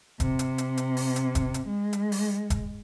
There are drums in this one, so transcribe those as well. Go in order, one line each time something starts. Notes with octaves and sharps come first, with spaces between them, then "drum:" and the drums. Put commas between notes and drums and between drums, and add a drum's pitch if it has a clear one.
C3, drum: kick E1, hi-hat
drum: hi-hat
drum: hi-hat
drum: hi-hat
drum: open hi-hat
drum: hi-hat
drum: kick E1, hi-hat
drum: hi-hat
G#3
drum: hi-hat
drum: open hi-hat
drum: kick E1, hi-hat